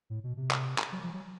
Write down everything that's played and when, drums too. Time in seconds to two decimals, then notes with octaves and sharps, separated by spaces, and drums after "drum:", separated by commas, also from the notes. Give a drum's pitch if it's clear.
0.10 A2
0.24 B2
0.37 C3
0.51 drum: clap
0.78 drum: clap
0.92 F#3
1.03 F3
1.13 F#3